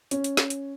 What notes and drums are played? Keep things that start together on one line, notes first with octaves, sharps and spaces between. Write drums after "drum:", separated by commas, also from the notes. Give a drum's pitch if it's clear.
C#4, drum: hi-hat
drum: hi-hat
drum: snare
drum: hi-hat